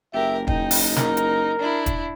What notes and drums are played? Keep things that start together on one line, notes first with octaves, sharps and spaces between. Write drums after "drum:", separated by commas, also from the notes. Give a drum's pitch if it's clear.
F#1 G4 A#4 E5
D#4 G5, drum: kick
drum: open hi-hat
A#4, drum: snare
drum: hi-hat
D4 E4
drum: kick, hi-hat